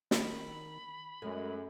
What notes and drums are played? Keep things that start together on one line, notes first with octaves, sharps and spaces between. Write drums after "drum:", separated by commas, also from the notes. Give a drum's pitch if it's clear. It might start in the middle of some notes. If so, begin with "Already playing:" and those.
D#3 B5, drum: snare
F#2 G#3 A3